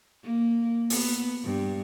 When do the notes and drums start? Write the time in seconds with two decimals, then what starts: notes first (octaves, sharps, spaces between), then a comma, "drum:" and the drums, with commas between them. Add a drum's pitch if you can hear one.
0.23 A#3
0.90 B3, drum: open hi-hat
1.44 G2